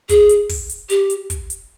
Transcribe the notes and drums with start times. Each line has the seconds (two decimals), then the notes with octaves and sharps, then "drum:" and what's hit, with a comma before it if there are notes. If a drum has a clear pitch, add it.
0.09 G#4, drum: kick, hi-hat
0.29 drum: hi-hat
0.49 drum: kick, open hi-hat
0.69 drum: hi-hat
0.90 G4, drum: hi-hat
1.10 drum: hi-hat
1.30 drum: kick, hi-hat
1.50 drum: hi-hat